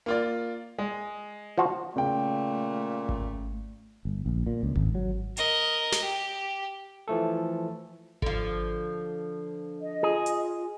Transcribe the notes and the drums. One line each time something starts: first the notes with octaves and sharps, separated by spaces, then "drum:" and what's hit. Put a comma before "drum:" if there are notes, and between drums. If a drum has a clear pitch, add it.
A#3 F4 D5
G#3
F3 F#4 F5
A#2 C#3 A3 G5
drum: kick G#1
G1
A#1
A#2
C#2
G#1, drum: kick G#1
F#3
A#4 D#5, drum: hi-hat
drum: snare
G4
E3 F3 A3 A4
D3 F3, drum: kick G#1
D#5
F4 G#4
drum: hi-hat